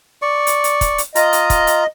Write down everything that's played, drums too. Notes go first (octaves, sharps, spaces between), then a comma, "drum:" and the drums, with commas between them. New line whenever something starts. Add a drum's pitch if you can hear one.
D5 C#6
drum: hi-hat
drum: hi-hat
drum: kick, hi-hat
drum: hi-hat
F4 D#5 A#5, drum: hi-hat
drum: hi-hat
drum: kick, hi-hat
drum: hi-hat